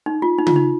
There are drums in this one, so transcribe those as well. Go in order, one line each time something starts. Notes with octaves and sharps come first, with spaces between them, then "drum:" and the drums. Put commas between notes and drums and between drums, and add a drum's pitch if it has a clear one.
D#4
F4
D#4
F4, drum: tom C#3
D#4